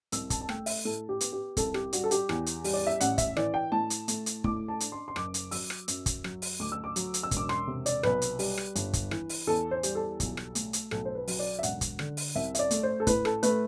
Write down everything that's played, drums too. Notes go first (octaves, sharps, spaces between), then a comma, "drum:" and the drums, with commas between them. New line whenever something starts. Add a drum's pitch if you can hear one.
C2 E6, drum: hi-hat
A5, drum: kick, hi-hat
A5
A3 G5, drum: rim click
E5, drum: open hi-hat
A2 A4
G4
B3, drum: hi-hat
G4
C2 A4, drum: kick, hi-hat
G4, drum: rim click
G3 F#4, drum: hi-hat
A4
G4, drum: hi-hat
E2, drum: rim click
drum: hi-hat
G3, drum: open hi-hat
D5
E5
A1 F#5, drum: hi-hat
E5, drum: kick, hi-hat
E3 D5, drum: rim click
G5
A2 A5
drum: hi-hat
A3, drum: hi-hat
drum: hi-hat
A2 D6, drum: kick
A5
D4, drum: hi-hat
C6
C6
F#1 D6, drum: rim click
drum: hi-hat
F#3 E6, drum: open hi-hat
drum: rim click
F#2, drum: hi-hat
drum: kick, hi-hat
F#3, drum: rim click
drum: open hi-hat
D2 D6
E6
D6
F#3, drum: hi-hat
drum: hi-hat
E6
E1, drum: kick, hi-hat
D6
C6, drum: rim click
C3
D5, drum: hi-hat
B1 B4, drum: rim click
drum: hi-hat
G3, drum: open hi-hat
drum: rim click
G1, drum: hi-hat
drum: kick, hi-hat
E3, drum: rim click
drum: open hi-hat
E2 A4
C5
G3, drum: hi-hat
A4
B1, drum: kick, hi-hat
drum: rim click
A3, drum: hi-hat
drum: hi-hat
B1 A4, drum: rim click
C5
B4
F#3, drum: open hi-hat
D5
E5
E1 F#5, drum: hi-hat
drum: kick, hi-hat
D3, drum: rim click
drum: open hi-hat
C2 E5
E5, drum: hi-hat
D5
A3, drum: hi-hat
C5
A4
A2 B4, drum: kick, hi-hat
A4, drum: rim click
A3 B4, drum: hi-hat